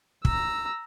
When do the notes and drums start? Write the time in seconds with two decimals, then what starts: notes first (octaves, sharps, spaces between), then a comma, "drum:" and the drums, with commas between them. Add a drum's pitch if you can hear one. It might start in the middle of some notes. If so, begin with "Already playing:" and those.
0.25 A#5 E6, drum: kick